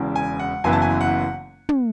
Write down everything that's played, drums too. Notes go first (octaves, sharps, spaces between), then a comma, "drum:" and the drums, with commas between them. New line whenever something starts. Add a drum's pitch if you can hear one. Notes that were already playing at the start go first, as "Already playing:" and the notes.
Already playing: E1 E2 C#3
G#5
F#5
F#1 F#2 E3 B3 E4 G#5
A5
G#5
F#5
drum: tom